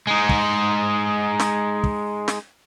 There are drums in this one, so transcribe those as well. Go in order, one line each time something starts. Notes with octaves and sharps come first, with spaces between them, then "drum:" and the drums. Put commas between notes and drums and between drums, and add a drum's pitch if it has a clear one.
G#3 D#4
drum: kick
drum: snare
drum: kick
drum: snare